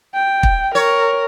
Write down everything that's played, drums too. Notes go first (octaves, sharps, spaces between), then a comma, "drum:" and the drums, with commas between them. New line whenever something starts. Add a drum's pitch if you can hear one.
G5
drum: kick
A#4 C#5